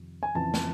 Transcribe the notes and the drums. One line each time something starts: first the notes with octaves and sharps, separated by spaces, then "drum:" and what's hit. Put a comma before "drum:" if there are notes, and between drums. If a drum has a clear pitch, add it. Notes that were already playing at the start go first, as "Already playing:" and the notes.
Already playing: F2 C3 D#3
G#5
F2 C#3 E3 A5
drum: snare